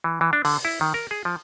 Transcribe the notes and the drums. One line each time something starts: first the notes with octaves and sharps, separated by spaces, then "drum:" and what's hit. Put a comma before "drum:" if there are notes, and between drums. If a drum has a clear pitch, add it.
E3
E3
D4
D3, drum: open hi-hat
E4
D#3
A#4
G#4
F3